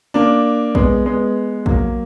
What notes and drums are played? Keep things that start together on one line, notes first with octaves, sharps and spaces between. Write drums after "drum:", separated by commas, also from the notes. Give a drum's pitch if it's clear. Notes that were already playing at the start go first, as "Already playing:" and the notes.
A#3 D4
G#3 B3, drum: kick A#1
G#3 B3
F#3 A#3, drum: kick A#1